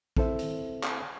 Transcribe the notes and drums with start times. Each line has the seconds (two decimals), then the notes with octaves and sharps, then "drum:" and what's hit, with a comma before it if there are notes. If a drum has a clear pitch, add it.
0.17 C4 E4 A4 C5 E5, drum: kick A#1
0.39 drum: hi-hat
0.83 drum: clap